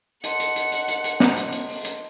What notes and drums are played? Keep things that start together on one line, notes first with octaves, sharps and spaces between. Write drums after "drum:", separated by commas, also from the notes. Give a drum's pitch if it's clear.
D#5 F#5 A5 C6 C#7, drum: hi-hat
drum: hi-hat
drum: hi-hat
drum: hi-hat
drum: hi-hat
drum: hi-hat
drum: snare
drum: hi-hat
drum: hi-hat
drum: open hi-hat
drum: hi-hat